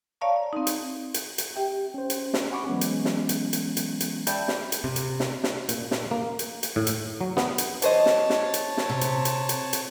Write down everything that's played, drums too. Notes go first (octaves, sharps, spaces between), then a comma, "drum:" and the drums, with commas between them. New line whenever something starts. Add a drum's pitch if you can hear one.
C#5 D5 F5 A5 A#5 C#6
C4 D#4
drum: hi-hat
drum: hi-hat
drum: hi-hat
G4 E5 G5
C#4 C5
drum: hi-hat
drum: snare
F#5 G#5 B5 C#6 D6
E3 F#3 G#3 B3 C#4
drum: hi-hat
drum: snare
drum: hi-hat
drum: hi-hat
drum: hi-hat
drum: hi-hat
D5 E5 G5 A5 B5 G6, drum: hi-hat
drum: snare
drum: hi-hat
C3
drum: hi-hat
drum: snare
drum: snare
A#2, drum: hi-hat
drum: snare
A#3
drum: hi-hat
drum: hi-hat
A2
drum: hi-hat
F#3
B3, drum: snare
drum: hi-hat
E3 C5 C#5 D#5 A5, drum: hi-hat
drum: snare
drum: snare
drum: hi-hat
drum: snare
C3
drum: hi-hat
drum: hi-hat
drum: hi-hat
drum: hi-hat